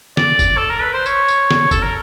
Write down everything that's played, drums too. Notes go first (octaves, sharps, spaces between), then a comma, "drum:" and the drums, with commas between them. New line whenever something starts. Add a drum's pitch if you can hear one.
D5, drum: snare
drum: kick, tambourine
A4
A#4
B4
C5
C#5, drum: tambourine
drum: tambourine
drum: snare
A4, drum: kick, tambourine
A#4